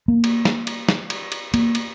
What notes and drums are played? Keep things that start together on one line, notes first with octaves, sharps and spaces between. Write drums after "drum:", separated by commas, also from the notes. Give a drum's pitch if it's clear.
A#3
drum: cymbal
drum: snare
drum: cymbal
drum: snare
drum: cymbal
drum: cymbal
A#3, drum: cymbal
drum: cymbal